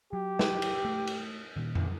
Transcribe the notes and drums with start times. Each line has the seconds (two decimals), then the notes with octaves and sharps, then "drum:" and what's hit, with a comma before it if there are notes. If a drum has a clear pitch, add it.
0.13 F#3 G4
0.39 drum: snare
0.62 drum: cymbal
0.85 A3
1.07 drum: cymbal
1.56 A#2 D#3
1.75 drum: tom F2